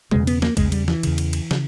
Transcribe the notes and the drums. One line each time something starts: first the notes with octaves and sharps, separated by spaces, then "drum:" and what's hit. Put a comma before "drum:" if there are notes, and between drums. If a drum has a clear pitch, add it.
E2 C#3 G#3, drum: tom B2
B3, drum: cymbal
A#3, drum: snare
E2 C#3 G#3, drum: kick, cymbal
G3, drum: cymbal
E3, drum: snare
E2 C#3, drum: cymbal
drum: cymbal
drum: cymbal
C#3, drum: snare